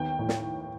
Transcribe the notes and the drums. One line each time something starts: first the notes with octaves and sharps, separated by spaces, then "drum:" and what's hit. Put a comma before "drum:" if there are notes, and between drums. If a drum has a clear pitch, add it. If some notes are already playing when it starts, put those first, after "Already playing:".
Already playing: D#2 D#3 B3 G5
A2
drum: snare